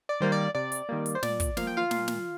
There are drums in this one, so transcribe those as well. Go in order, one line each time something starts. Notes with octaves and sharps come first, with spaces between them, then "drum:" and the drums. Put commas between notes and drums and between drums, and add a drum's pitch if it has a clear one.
D5
D#3 G3 A#3 C5
D5
C3 D5
drum: hi-hat
D#3 G3 A#3
drum: hi-hat
C5
A#2 D5, drum: snare
drum: kick, hi-hat
F3 A#3 F5, drum: snare
G5
F4 F5
A#2, drum: snare
drum: snare